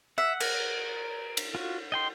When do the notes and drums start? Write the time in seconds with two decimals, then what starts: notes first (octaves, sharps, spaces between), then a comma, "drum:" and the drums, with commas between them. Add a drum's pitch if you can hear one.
0.18 E5 F#5
0.40 A#4, drum: cymbal
1.37 drum: cymbal
1.55 F4 F#4
1.92 D#5 G5 C6